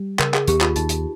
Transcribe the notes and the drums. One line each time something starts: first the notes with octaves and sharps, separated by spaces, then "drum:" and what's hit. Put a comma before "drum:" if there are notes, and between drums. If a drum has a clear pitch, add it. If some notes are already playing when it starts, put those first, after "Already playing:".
Already playing: G3
C#3 A#4, drum: clap
G#4, drum: clap
D#2 G4, drum: hi-hat
F4, drum: clap
D#2 D#4, drum: hi-hat
drum: hi-hat